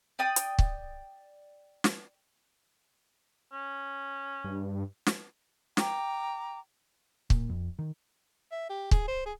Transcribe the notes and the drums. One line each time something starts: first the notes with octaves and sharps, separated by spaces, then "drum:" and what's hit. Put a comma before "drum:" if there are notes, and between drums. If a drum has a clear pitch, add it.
D5 G5 D#6
drum: hi-hat
drum: kick
drum: snare
C#4
G2
drum: snare
G5 A#5 D6, drum: snare
A#2, drum: kick
F2
D#3
E5
G4
G#4, drum: kick
C5
G#4